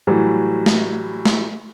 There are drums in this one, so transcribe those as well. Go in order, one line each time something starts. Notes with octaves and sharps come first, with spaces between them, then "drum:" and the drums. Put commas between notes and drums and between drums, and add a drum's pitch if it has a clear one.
A2 E3 F#3 G3
drum: snare
drum: snare